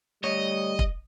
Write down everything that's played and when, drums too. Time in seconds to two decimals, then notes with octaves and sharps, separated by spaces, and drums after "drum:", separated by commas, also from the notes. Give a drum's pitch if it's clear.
0.24 D2 G3 C#5 D#5
0.79 drum: kick